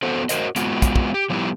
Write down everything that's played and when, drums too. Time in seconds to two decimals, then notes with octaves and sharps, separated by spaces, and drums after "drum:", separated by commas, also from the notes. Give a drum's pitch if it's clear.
0.03 B3 F#4 A4 C5
0.29 F#4 G4 A#4 C5 D#5, drum: hi-hat
0.56 G#3 B3 F4 F#4, drum: hi-hat
0.82 drum: kick, hi-hat
0.96 drum: kick
1.14 G4
1.30 F3 G3 B3 D#4 E4 G4